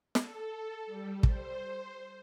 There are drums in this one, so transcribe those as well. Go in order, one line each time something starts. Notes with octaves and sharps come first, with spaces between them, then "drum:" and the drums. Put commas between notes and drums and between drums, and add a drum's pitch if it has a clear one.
A4, drum: snare
G3
C5, drum: kick